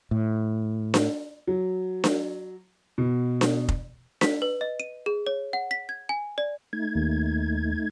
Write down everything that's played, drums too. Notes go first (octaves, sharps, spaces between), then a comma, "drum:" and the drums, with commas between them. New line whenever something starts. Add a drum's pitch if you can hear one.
A2
drum: snare D4
F#3
drum: snare D4
B2
drum: snare D4
drum: kick F1
B6, drum: snare D4
B4
D#5
D#7
G#4
C#5
F#5
B6
G#6
G#5
D5
A3 D#4 G#6
D#2